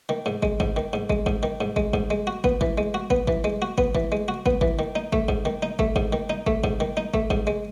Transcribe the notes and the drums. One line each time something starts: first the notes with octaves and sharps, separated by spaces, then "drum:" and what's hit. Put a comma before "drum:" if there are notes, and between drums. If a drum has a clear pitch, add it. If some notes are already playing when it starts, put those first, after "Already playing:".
D#3
G#2
G#3, drum: kick
G#2, drum: kick
D#3
G#2
G#3, drum: kick
G#2, drum: kick
D#3
G#2
G#3, drum: kick
G#2, drum: kick
G#3
F#4
B3, drum: kick
E3, drum: kick
G#3
F#4
B3, drum: kick
E3, drum: kick
G#3
F#4
B3, drum: kick
E3, drum: kick
G#3
F#4
B3, drum: kick
E3, drum: kick
D#3
D#4
A3, drum: kick
G#2, drum: kick
D#3
D#4
A3, drum: kick
G#2, drum: kick
D#3
D#4
A3, drum: kick
G#2, drum: kick
D#3
D#4
A3, drum: kick
G#2, drum: kick
G#3